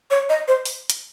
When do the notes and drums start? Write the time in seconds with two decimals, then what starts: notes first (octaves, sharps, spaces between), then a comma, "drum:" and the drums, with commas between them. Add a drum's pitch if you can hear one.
0.11 C#5
0.29 D#5
0.48 C5
0.65 drum: open hi-hat
0.90 drum: hi-hat